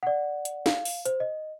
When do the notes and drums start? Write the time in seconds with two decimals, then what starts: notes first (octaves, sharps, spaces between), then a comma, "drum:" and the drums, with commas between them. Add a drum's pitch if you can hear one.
0.03 D5 F#5
0.45 drum: hi-hat
0.66 F5, drum: snare
0.85 drum: open hi-hat
1.06 C5, drum: hi-hat
1.20 D#5